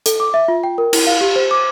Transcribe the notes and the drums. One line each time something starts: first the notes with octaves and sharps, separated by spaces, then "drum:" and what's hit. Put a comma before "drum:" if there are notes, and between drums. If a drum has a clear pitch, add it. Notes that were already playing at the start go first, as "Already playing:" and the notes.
A4, drum: hi-hat
D6
E5
F4
G5
A#4
E4, drum: cymbal
F5
G4
C5
D6